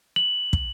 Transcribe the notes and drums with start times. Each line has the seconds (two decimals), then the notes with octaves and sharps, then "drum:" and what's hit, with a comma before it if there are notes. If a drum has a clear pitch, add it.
0.16 F#7
0.53 drum: kick